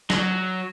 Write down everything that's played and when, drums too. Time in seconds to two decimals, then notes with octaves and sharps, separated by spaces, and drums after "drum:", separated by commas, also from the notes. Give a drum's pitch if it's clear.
0.10 F#3, drum: snare